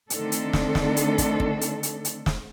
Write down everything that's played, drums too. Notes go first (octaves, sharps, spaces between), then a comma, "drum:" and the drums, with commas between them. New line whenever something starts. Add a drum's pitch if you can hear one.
D3 D#3 A3 C4 D4 A4, drum: hi-hat
drum: hi-hat
drum: snare
drum: snare
drum: hi-hat
drum: kick, hi-hat
drum: kick
drum: hi-hat
drum: hi-hat
drum: hi-hat
drum: snare